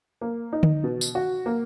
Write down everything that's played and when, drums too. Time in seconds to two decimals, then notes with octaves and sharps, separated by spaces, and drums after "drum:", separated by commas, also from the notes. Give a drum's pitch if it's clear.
0.21 A#3
0.53 D#4
0.63 drum: tom D3
0.84 B2
1.01 drum: tambourine
1.15 F#4
1.46 A#3